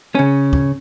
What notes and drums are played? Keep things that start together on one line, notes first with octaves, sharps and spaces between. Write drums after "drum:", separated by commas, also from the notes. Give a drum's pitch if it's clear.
C#3 C#4
drum: kick